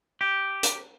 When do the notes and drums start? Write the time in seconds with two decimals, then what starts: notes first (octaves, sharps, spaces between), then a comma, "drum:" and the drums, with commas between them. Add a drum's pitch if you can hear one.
0.21 G4
0.63 drum: hi-hat